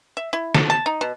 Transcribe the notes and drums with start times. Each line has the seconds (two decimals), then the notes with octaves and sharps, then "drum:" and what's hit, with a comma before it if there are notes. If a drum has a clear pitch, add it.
0.17 E5
0.33 E4
0.54 A4, drum: snare
0.70 A5
0.86 D#4
1.01 B2